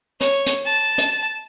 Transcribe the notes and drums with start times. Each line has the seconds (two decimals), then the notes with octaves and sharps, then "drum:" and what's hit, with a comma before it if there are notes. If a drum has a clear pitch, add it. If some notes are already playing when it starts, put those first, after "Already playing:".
0.21 C#5, drum: hi-hat
0.46 drum: hi-hat
0.66 A5
0.98 drum: hi-hat